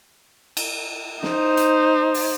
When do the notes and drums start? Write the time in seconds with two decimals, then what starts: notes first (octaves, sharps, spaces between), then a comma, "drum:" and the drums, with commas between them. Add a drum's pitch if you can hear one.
0.57 drum: cymbal
1.23 D#4 C5, drum: snare
1.57 drum: hi-hat
2.14 drum: open hi-hat